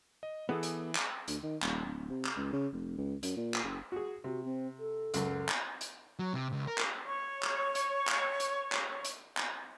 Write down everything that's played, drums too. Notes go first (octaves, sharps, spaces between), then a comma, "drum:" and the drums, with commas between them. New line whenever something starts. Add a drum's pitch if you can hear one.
D#5
E3 B3 G#4 A4
drum: hi-hat
drum: clap
D2, drum: hi-hat
D#3
D#1, drum: clap
D1
C3
drum: clap
C#2
C#3
F1
C#2
F#2, drum: hi-hat
A#2
drum: clap
F#1
F#4 G#4
C3 F#4
C4
A4
C#2 F#2, drum: hi-hat
drum: clap
drum: hi-hat
F#3
C3
C#2
A#4
drum: clap
C#5 C#6
drum: clap
drum: hi-hat
drum: clap
drum: hi-hat
drum: clap
drum: hi-hat
drum: clap